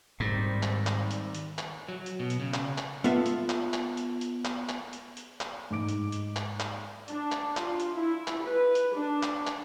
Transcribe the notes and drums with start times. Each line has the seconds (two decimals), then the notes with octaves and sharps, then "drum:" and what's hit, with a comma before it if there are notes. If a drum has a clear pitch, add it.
0.20 G#2 D#3 G3 C4
0.63 drum: clap
0.87 drum: clap
1.11 drum: hi-hat
1.35 drum: hi-hat
1.58 drum: clap
1.88 F#3
2.06 drum: hi-hat
2.19 B2
2.30 drum: hi-hat
2.40 C#3
2.54 drum: clap
2.78 drum: clap
3.04 B3 F4 A4 E5, drum: hi-hat
3.26 drum: hi-hat
3.50 drum: clap
3.73 drum: clap
3.97 drum: hi-hat
4.21 drum: hi-hat
4.45 drum: clap
4.69 drum: clap
4.93 drum: hi-hat
5.17 drum: hi-hat
5.41 drum: clap
5.70 G#2 D#4 D6 D7
5.89 drum: hi-hat
6.12 drum: hi-hat
6.36 drum: clap
6.60 drum: clap
7.08 D4, drum: hi-hat
7.32 drum: clap
7.57 F4, drum: clap
7.80 drum: hi-hat
7.95 E4
8.27 drum: clap
8.44 B4
8.75 drum: hi-hat
8.95 D4
9.23 drum: clap
9.47 drum: clap